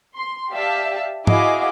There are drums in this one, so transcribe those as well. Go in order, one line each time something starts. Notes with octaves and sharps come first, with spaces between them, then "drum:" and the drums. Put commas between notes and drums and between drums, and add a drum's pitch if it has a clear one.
C6
G4 D5 E5 F5 A5
E4 F#4 G#4 D#5 F5 D6, drum: tom G#2